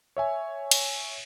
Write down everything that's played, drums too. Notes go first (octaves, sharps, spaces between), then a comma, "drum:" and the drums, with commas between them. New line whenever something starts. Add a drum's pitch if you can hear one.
C#5 E5 G#5
drum: cymbal